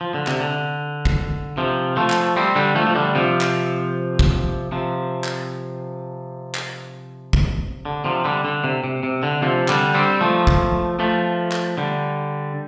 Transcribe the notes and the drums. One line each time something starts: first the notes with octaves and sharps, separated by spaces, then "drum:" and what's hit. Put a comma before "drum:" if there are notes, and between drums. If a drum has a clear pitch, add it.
F3
D3
C3, drum: clap
D3
drum: kick
C3 F3
F3 A3
drum: clap
G3 C4
D3 G3
F3 A3
F3
D3 G3
C3 F3
drum: clap
drum: kick
C3 F3
drum: clap
drum: clap
drum: kick
D3
C3 F3
D3 G3
D3
C3
C3
C3
D3
C3 F3
D3 G3, drum: clap
G3 C4
F3 A3
drum: kick
F3 A3
drum: clap
D3 G3